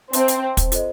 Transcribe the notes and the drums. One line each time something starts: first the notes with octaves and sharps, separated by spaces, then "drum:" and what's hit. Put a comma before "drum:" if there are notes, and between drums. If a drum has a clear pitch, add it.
C4 C5 E5 A5, drum: hi-hat
drum: hi-hat
drum: kick, hi-hat
F4 A4 C5 D#5, drum: hi-hat